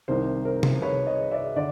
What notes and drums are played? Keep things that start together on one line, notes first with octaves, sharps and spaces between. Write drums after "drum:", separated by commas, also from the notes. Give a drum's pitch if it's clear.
C2 C3 D#3 A#4 C5
A#4 C5
drum: tom C3
B4 C#5
C#5 D#5
D5 E5
D3 D5